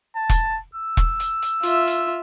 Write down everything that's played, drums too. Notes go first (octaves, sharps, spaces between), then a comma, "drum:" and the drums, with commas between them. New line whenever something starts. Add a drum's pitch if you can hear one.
A5
drum: kick E1, hi-hat
E6
drum: kick E1
drum: hi-hat
drum: hi-hat
F4 E5, drum: hi-hat
drum: hi-hat